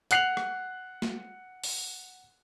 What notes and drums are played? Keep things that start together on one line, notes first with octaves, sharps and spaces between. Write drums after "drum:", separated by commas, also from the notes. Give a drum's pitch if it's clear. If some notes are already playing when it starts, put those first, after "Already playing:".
F#5 F#6 C7 F7 F#7, drum: hi-hat
drum: rim click
drum: snare
drum: open hi-hat